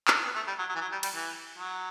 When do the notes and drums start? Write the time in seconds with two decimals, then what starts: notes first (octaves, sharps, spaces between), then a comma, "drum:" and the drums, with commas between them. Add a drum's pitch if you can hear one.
0.08 drum: clap
0.25 B3
0.35 A3
0.47 G3
0.59 F#3
0.69 F#3
0.75 E3
0.81 F#3
0.92 G3
1.03 G3, drum: cymbal
1.14 E3
1.58 F#3